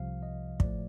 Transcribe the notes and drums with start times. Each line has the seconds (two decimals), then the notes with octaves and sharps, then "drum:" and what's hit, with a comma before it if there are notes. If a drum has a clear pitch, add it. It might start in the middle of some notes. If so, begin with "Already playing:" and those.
Already playing: C2 C3 F3 F5
0.23 D#5
0.60 A2 F3 A3 D5, drum: kick